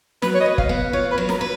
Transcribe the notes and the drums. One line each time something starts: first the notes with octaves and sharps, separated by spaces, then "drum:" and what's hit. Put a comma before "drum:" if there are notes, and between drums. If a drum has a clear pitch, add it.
F#3 B4, drum: snare
C#5
D#5
B4
F5, drum: kick
B3
F4 C#5
B4
F#3
A#4, drum: snare
B4